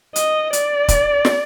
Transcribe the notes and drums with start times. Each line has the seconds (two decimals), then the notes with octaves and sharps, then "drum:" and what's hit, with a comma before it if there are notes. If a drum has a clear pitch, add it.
0.16 D#5, drum: hi-hat
0.53 D5, drum: hi-hat
0.88 drum: kick, hi-hat
1.25 drum: snare